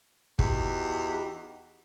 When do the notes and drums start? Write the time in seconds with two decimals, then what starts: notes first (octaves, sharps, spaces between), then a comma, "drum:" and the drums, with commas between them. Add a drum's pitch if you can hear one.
0.39 E2 D#4 F#4 G4, drum: kick